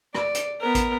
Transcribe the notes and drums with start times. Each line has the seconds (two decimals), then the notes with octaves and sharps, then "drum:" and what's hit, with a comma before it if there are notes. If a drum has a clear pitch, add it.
0.14 D5, drum: rim click
0.35 drum: hi-hat
0.61 B3 A#4
0.75 drum: kick A1, hi-hat